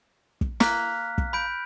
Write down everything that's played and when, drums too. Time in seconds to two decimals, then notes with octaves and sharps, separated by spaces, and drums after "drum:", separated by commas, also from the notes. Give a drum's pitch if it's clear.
0.41 drum: kick
0.60 A#3 F6 F#6 B6, drum: snare
1.18 drum: kick
1.33 B5 G6 D7